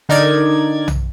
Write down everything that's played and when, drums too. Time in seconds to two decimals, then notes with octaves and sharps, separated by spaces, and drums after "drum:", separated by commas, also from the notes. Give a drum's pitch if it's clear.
0.09 D3 D#4 A#4 D5 G#6
0.88 drum: tom B1